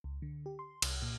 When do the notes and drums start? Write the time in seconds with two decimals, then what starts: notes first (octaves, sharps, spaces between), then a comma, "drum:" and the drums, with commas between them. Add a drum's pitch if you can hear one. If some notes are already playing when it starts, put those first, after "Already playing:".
0.04 C#2
0.22 D3
0.46 G4
0.59 C6
0.82 C2, drum: cymbal
1.02 A#2